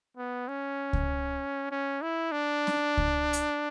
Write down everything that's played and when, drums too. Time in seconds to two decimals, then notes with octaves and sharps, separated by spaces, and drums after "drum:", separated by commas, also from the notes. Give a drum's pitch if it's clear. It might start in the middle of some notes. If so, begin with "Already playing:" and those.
0.17 B3
0.48 C#4
0.93 drum: kick C#2
1.71 C#4
2.02 E4
2.32 D4
2.67 drum: snare C#4
2.97 drum: kick C#2
3.33 drum: hi-hat